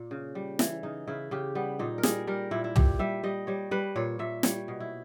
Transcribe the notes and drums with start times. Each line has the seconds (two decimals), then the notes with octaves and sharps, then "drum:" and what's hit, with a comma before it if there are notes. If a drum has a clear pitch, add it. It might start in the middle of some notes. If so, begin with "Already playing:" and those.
Already playing: A#2
0.11 C#3
0.35 G3
0.59 E3, drum: snare
0.83 C#3 D#4
1.07 C#3 E4
1.31 C#3 G4
1.55 G3 B3
1.79 A#2 D#4
1.98 A#4
2.03 G3 G#4, drum: snare
2.27 G3 A#4
2.51 A#2 E4
2.64 E4
2.76 A#2 G4, drum: tom
2.99 G3 E5
3.23 G3 D#5
3.47 G3 C#5
3.71 G3 B4
3.96 A#2 C#5
4.19 A#2 E5
4.43 G3 C#5, drum: snare
4.68 B2
4.80 E4